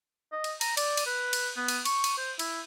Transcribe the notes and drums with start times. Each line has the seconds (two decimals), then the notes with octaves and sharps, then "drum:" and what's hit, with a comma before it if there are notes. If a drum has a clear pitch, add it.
0.33 D#5
0.44 drum: cymbal
0.61 A#5, drum: cymbal
0.77 D5, drum: cymbal
0.97 drum: cymbal
1.07 B4
1.33 drum: cymbal
1.57 B3
1.68 drum: cymbal
1.85 C#6, drum: cymbal
2.04 drum: cymbal
2.18 C5
2.39 E4, drum: cymbal